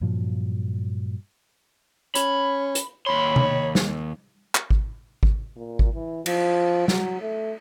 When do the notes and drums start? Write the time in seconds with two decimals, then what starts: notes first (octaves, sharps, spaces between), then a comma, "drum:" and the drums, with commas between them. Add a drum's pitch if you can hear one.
0.01 G2 A#2 F3 F#3
2.15 C#4 B5, drum: hi-hat
2.75 drum: hi-hat
3.07 D#2 C#5 B5 C6
3.36 drum: tom C3
3.75 drum: snare
4.55 drum: clap
4.71 drum: kick G#1
5.23 drum: kick G#1
5.56 A#2
5.79 drum: kick G#1
5.93 E3
6.26 F3, drum: cymbal
6.88 F#3, drum: snare
7.21 A3